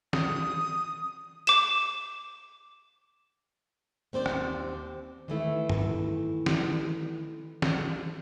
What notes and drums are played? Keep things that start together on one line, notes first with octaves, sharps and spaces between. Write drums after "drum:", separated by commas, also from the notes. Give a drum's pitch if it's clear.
D#6, drum: snare
D6 E7, drum: hi-hat
D#2 C4 C5 D5
drum: rim click
D#3 E3 A3 E4
drum: tom
drum: snare
drum: snare